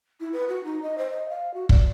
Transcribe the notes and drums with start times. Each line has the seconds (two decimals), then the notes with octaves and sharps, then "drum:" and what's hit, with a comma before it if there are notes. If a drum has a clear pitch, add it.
0.20 E4
0.33 B4
0.49 F#4
0.64 D#4
0.82 D#5
0.98 C5
1.10 D#5
1.29 F5
1.54 F#4
1.69 D5, drum: kick